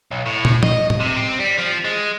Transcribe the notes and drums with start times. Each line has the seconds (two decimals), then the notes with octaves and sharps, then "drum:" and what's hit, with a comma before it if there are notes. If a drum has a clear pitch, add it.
0.11 B1
0.26 A2
0.45 drum: tom
0.63 D#5, drum: tom
0.90 drum: tom
1.00 C3
1.16 C4
1.40 G3
1.58 F3
1.85 G#3